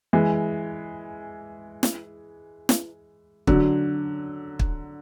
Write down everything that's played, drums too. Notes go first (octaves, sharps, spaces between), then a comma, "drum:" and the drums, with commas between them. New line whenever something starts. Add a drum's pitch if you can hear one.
E3 G#3
drum: snare
drum: snare
D3 F#3, drum: kick
drum: kick